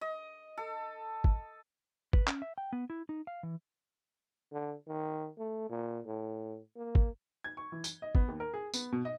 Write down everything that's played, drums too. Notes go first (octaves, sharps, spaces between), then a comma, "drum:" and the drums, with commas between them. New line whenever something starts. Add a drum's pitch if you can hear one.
D#5
A4
drum: kick
B4, drum: kick
C#4, drum: clap
E5
G5
B3
E4
D#4
F5
E3
D3
D#3
A3
A#2
A2
A#3
drum: kick
G#6
C#6
E3
G7, drum: tambourine
D#5
B3, drum: kick
D#2
A#4
G#4
B3, drum: tambourine
B2
D#5